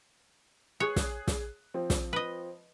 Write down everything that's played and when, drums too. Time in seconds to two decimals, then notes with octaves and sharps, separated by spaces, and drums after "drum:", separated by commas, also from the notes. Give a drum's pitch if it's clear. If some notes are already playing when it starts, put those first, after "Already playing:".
0.80 G#4 C#5 F#6
0.96 drum: snare
1.28 drum: snare
1.74 F3 C4
1.90 drum: snare
2.13 B4 D#5